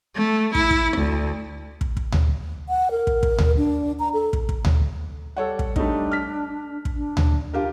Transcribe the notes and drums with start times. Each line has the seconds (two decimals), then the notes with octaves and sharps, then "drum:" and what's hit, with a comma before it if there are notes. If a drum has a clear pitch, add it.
0.16 A3
0.55 E4, drum: kick
0.71 drum: kick
0.98 D2
1.81 drum: kick
1.97 drum: kick
2.12 drum: tom D2
2.69 F#5
2.91 A#4
3.07 drum: kick
3.23 drum: kick
3.38 drum: tom D2
3.57 D4
3.99 A#5
4.13 A4
4.33 drum: kick
4.49 drum: kick
4.65 drum: tom D2
5.37 G3 A4 C#5 F#5
5.59 drum: kick
5.76 G3 A3 D4 D#4, drum: kick
6.11 F6 B6
6.85 drum: kick
6.96 D4
7.17 drum: tom D2
7.54 D4 F4 G4 A#4